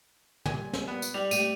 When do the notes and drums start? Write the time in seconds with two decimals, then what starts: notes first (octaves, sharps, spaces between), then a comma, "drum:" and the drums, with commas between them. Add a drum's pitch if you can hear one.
0.46 A#2 G3 G#5, drum: tom
0.73 drum: snare
0.88 B3
1.02 drum: tambourine
1.14 G3 F7 F#7
1.31 A3 C4 G4 D#7, drum: tambourine